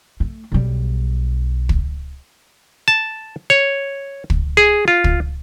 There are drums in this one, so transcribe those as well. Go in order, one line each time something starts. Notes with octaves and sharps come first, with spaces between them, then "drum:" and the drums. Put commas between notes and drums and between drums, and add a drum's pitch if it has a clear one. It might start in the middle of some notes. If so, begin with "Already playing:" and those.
A3
B1 G3
drum: kick
A5
C#5
drum: kick
G#4
F4
drum: kick